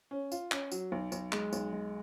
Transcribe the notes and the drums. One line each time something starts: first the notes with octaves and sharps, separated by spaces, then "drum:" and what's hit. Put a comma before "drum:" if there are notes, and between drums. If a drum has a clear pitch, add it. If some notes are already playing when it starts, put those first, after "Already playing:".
C#4
F4, drum: tambourine
C#4, drum: clap
F#3, drum: tambourine
B1
B1, drum: tambourine
G#3, drum: clap
B1, drum: tambourine
G#3